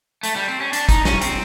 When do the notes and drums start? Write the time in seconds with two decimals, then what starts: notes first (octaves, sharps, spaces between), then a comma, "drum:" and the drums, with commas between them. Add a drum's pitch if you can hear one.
0.23 A3, drum: hi-hat
0.36 G3
0.48 C4
0.61 C#4
0.73 D4, drum: hi-hat
0.89 D#4, drum: kick, hi-hat
1.05 C#4, drum: snare
1.21 C4, drum: hi-hat